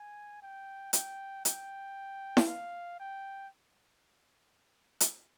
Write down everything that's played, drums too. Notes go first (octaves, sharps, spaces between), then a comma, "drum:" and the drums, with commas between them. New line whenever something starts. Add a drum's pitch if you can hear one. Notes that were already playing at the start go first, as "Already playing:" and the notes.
Already playing: G#5
G5
G5, drum: hi-hat
G5, drum: hi-hat
drum: snare E4
F5
G5
drum: hi-hat